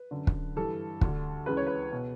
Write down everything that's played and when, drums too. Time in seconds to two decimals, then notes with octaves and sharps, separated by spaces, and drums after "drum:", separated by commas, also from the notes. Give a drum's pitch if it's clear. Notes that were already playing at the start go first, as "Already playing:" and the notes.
Already playing: B4
0.11 F#2 D3
0.27 drum: kick
0.56 G2 E3 A4
1.01 D2 D3, drum: kick
1.46 C#2 C#3 E3 B4
1.57 C#5
1.66 B4
1.92 B2